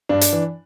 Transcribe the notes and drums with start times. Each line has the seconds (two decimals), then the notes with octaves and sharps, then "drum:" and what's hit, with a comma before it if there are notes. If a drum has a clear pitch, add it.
0.09 G2 D4
0.21 drum: hi-hat
0.33 E3